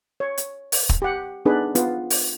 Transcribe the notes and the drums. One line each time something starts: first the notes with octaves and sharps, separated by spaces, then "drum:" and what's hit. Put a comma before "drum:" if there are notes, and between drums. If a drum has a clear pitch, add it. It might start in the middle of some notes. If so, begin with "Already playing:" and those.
C#5
drum: hi-hat
drum: open hi-hat
drum: kick
G4 F#5
B3 D4 D#4 G#4 B4
B3 F4, drum: hi-hat
drum: open hi-hat